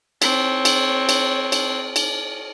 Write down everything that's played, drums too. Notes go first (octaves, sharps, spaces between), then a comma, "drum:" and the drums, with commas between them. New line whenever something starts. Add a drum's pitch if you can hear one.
C4 C#5, drum: cymbal
drum: cymbal
drum: cymbal
drum: cymbal
drum: cymbal